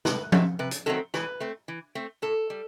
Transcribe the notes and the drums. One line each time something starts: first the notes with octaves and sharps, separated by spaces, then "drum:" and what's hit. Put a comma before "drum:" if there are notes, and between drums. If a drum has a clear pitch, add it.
C3 B4, drum: snare
D#3 F#3 A3 C4, drum: tom F3
C3 B4
drum: hi-hat
D#3 F#3 A3 C4 A4
E3 B4, drum: rim click
A3 C4
E3
A3 C4
A2 A4
G3